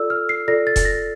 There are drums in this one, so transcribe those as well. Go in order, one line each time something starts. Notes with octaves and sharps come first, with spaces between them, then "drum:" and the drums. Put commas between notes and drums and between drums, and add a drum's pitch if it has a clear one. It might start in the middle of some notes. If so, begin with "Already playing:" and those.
Already playing: F4 A4 D5 E6
F6
C7
F4 A4 D5 A#6
A6
drum: kick E1, hi-hat
A#6